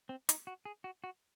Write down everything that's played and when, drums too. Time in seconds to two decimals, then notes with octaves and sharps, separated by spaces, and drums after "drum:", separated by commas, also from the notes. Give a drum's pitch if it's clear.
0.09 C4
0.29 D#4, drum: hi-hat
0.47 F#4
0.65 G#4
0.84 F#4
1.04 F#4